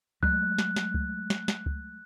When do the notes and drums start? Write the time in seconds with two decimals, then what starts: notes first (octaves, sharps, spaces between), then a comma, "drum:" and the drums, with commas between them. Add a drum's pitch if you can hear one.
0.23 F#3 G#3 A3 F#6, drum: kick C#2
0.58 drum: snare
0.76 drum: snare
0.94 drum: kick C#2
1.30 drum: snare
1.48 drum: snare
1.66 drum: kick C#2